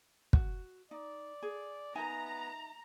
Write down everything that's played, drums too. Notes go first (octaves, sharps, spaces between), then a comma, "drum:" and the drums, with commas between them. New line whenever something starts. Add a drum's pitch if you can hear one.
F#4, drum: kick
D#4 D5
G#4
B3 D#4 E5 G#5 A#5